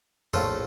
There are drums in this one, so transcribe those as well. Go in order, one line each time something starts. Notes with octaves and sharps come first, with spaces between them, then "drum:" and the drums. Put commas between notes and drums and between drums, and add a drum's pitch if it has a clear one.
A#1 A2 F4 A4, drum: tom F2